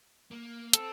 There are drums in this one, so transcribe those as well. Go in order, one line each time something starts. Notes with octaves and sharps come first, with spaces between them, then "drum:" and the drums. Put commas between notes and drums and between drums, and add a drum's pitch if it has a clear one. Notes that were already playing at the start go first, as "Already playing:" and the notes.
A#3
C4 A4, drum: hi-hat